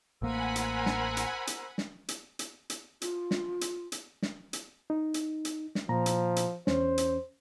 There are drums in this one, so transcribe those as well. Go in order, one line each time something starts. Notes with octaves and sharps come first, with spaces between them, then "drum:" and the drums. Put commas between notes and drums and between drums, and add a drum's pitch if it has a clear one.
A1 A#3 A#4 C5 F#5 G#5 B5 E6
drum: hi-hat
drum: snare
drum: hi-hat
drum: hi-hat
drum: snare
drum: hi-hat
drum: hi-hat
drum: hi-hat
F4, drum: hi-hat
drum: snare
drum: hi-hat
drum: hi-hat
drum: snare
drum: hi-hat
D#4
drum: hi-hat
drum: hi-hat
drum: snare
A#2 F3 A#5
drum: hi-hat
drum: hi-hat
E2 C#4 C5, drum: snare
drum: hi-hat